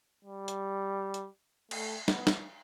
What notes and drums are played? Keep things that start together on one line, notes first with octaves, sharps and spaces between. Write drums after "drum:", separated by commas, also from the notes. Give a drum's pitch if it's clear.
G3
drum: hi-hat
drum: hi-hat
A3, drum: cymbal
B3, drum: snare
drum: snare